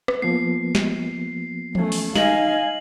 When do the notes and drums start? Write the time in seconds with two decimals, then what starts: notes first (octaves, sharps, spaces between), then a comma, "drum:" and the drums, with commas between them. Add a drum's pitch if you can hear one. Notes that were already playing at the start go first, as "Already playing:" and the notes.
0.08 drum: rim click
0.22 F3 A#3 B3 C7
0.75 drum: snare
1.75 A3 C#4, drum: tom E3
1.92 drum: open hi-hat
2.16 D#4 D#5 F5 G#5 F#7, drum: snare